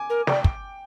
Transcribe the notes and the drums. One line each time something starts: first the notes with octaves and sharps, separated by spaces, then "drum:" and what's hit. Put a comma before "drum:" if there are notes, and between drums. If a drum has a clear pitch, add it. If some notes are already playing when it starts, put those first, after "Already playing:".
Already playing: G#5 D6
A#4
D5 G5, drum: snare
drum: kick